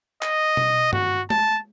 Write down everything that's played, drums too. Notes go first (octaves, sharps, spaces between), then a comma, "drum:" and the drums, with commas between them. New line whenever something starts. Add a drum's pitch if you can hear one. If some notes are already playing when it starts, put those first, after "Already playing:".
D#5, drum: clap
drum: tom B2
F#4, drum: tom
A5, drum: tom G#3